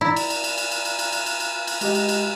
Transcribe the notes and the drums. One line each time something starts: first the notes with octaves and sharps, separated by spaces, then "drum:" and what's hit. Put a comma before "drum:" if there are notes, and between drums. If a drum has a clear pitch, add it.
E4 D5 A#5
drum: cymbal
drum: cymbal
drum: cymbal
drum: cymbal
drum: cymbal
drum: cymbal
drum: cymbal
drum: cymbal
drum: cymbal
drum: cymbal
drum: cymbal
G#3 G4 D#5, drum: cymbal
drum: cymbal
drum: cymbal